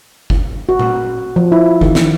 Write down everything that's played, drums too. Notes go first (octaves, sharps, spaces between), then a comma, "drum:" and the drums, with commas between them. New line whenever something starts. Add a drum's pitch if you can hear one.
drum: kick F#1
F#4
drum: tom A#2
F3
E4
D#3, drum: kick F#1
drum: snare